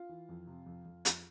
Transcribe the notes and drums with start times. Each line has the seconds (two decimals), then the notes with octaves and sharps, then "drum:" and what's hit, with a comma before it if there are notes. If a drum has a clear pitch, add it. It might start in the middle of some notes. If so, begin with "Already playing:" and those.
Already playing: F4
0.09 E3
0.29 F2
0.47 C3
0.66 F2
0.85 F2
1.05 F2, drum: hi-hat